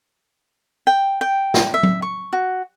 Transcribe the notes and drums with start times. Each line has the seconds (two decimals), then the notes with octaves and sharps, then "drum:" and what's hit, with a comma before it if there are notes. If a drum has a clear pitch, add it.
0.87 G5
1.21 G5
1.54 drum: snare
1.74 E5
1.83 drum: tom F#3
2.02 C#6
2.33 F#4